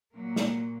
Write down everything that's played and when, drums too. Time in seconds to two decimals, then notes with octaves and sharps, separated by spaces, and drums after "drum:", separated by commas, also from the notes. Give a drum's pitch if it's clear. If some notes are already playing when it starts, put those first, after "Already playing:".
0.14 A#2 F#3 A#3
0.36 drum: snare